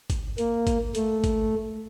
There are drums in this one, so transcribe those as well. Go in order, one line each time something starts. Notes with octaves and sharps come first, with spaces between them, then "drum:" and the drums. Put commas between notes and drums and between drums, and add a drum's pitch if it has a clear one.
drum: kick G#1, hi-hat
A#3, drum: hi-hat
drum: kick G#1, hi-hat
A3, drum: hi-hat
drum: kick G#1, hi-hat